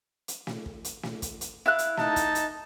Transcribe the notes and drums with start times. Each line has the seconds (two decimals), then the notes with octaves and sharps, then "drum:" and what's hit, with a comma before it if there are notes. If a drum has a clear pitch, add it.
0.28 drum: hi-hat
0.47 drum: snare
0.66 drum: kick
0.84 drum: hi-hat
1.03 drum: snare
1.22 drum: kick, hi-hat
1.41 drum: hi-hat
1.66 E4 F5 F#6
1.79 drum: hi-hat
1.97 D#4 A5, drum: snare
2.16 drum: kick, hi-hat
2.35 drum: hi-hat